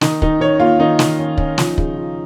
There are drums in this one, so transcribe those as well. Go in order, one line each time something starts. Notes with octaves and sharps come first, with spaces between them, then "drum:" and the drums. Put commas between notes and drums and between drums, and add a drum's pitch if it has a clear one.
D#3 D#4, drum: snare
D#3 D#4, drum: kick
D#3 C#5
A#3 F4
D#3 D#4
D#3, drum: snare
C#4
C#4, drum: kick
F3, drum: snare
C#3, drum: kick
F3